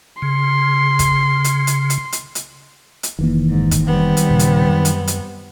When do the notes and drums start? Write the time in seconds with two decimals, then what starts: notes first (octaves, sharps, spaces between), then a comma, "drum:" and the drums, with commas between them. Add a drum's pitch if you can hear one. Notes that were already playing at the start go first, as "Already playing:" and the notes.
0.22 C#3 C6
0.99 drum: kick, hi-hat
1.44 drum: hi-hat
1.67 drum: hi-hat
1.90 drum: hi-hat
2.12 drum: hi-hat
2.35 drum: hi-hat
3.03 drum: hi-hat
3.19 F1 D#3 E3 A#3
3.49 G#2
3.71 drum: kick, hi-hat
3.85 G3 B3 C4
4.17 drum: hi-hat
4.29 D#1 A#2 C#3
4.39 drum: hi-hat
4.69 F#2
4.85 drum: hi-hat
5.07 drum: hi-hat